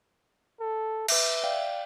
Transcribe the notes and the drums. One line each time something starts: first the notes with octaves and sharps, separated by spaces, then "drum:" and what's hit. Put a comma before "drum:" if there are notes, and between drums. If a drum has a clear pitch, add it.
A4
B4 E5 D6 A#6, drum: cymbal
D5 F5 G5